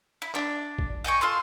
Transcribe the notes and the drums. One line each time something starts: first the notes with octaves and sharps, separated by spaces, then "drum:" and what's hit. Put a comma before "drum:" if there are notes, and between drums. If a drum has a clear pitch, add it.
E4
D4, drum: clap
drum: kick A#1
D#5 G5 G#5 C#6
F4 A4 C6